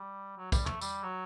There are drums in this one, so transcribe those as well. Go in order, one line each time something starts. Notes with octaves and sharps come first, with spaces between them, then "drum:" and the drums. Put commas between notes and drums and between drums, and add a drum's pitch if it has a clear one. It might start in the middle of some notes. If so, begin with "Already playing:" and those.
Already playing: G3
F#3
G3, drum: kick, tambourine
A3, drum: tom
G3, drum: tambourine
F#3